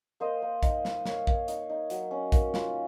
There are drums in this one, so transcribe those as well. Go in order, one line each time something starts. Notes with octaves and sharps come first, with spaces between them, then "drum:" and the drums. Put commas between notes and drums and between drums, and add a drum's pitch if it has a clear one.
A#3 C5 D#5
A#3
D#4, drum: kick, hi-hat
D#4, drum: snare
A#3 C#5 F5, drum: snare
A#3, drum: kick
D#4, drum: hi-hat
D#4
F#3, drum: hi-hat
C#4
A#3, drum: kick, hi-hat
F4, drum: snare